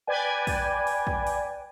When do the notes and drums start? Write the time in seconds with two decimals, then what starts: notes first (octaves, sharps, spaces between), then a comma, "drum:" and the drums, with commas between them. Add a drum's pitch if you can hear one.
0.07 B4 D5 G5 G#5
0.47 drum: kick, open hi-hat
0.87 drum: open hi-hat
1.07 drum: kick
1.27 drum: open hi-hat